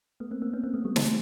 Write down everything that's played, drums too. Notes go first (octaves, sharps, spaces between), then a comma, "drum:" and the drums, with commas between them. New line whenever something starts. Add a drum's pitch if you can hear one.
A3 B3
A#3 C4
A#3 C4
B3 C#4
A#3 C4
A3 B3
G3 A3
G3 A3, drum: snare